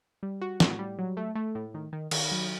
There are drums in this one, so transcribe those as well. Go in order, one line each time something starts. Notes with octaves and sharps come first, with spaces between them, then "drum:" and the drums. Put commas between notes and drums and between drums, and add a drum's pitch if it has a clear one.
G3
F#4
A2, drum: snare
G3
F#3
A3
A3
A2
D#3
D#3
D#3, drum: cymbal
F#3